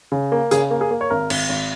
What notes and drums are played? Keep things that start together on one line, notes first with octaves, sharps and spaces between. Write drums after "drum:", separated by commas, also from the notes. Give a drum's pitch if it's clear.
C#3
A#3
C#3 G#4, drum: hi-hat
A#3
G#4
A#3
C#5
G#1 A#4
G#1, drum: cymbal
G#1